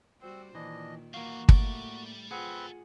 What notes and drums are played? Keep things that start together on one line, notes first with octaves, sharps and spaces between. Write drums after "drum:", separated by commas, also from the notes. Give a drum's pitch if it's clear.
G3 C4 F#4 C5
A#2 D#3 E3 D4 D#5
E3 G3 A#3 F#4 F5
A2 G3 A3 D5, drum: kick
C4 F4 G#4 A4 B4 F5 F#5